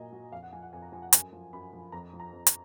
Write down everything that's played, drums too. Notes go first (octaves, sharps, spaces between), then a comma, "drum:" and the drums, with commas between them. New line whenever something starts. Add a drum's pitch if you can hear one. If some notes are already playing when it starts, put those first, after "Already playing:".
Already playing: A#2 F#3 D#5 G#5 A#5
F#3
F2 F5
F#5
F3 G#5
F#5
F2 G#5
A#5
F3 G#5
F#5
F#2 G#5, drum: hi-hat
F3
F#2 B5
F3
F2 A#5
F3
A#5
F2
drum: hi-hat